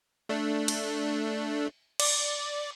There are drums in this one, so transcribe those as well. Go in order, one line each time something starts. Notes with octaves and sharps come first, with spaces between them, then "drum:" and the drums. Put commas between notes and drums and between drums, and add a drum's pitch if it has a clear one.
A3 D4
drum: cymbal
D5, drum: cymbal